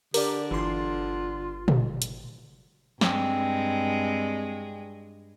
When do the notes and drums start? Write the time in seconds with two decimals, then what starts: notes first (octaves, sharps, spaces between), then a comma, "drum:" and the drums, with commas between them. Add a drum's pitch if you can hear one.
0.14 D3 G4 A#4 D5, drum: open hi-hat
0.51 G1 E3 F4 C6
1.68 drum: tom A#2
2.02 drum: hi-hat
3.01 G2 G#3 C4, drum: snare